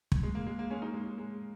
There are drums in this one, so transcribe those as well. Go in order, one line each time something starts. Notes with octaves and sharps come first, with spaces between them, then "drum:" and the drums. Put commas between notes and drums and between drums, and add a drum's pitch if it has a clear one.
drum: kick
G#3
A#3
G#3
A#3
G#3 C#4
A#3 D#4
G#3 C#4
G#3
G#3